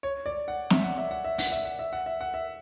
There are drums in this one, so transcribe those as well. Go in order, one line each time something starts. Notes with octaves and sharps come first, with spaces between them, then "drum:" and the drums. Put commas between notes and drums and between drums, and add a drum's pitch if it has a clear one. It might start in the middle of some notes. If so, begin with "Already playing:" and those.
C#5
D5
F#5
E5, drum: snare
F#5
E5
F#5
E5
F#5, drum: open hi-hat
E5
F#5
E5
F#5
E5
F#5
E5